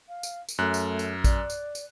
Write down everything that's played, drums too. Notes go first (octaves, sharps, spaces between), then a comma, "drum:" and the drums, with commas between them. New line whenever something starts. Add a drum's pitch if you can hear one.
F5
drum: tambourine
drum: tambourine
F#2 A3 F#6
drum: tambourine
drum: tambourine
D5, drum: kick A1, tambourine
drum: tambourine
drum: tambourine